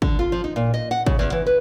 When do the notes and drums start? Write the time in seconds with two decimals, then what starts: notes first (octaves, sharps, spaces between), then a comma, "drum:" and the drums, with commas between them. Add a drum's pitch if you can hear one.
0.02 D3, drum: kick
0.19 F4
0.32 F3
0.44 D#4
0.56 A#2
0.74 D#5
0.91 F#5
1.06 C#3, drum: kick
1.19 E2
1.32 E3
1.46 B4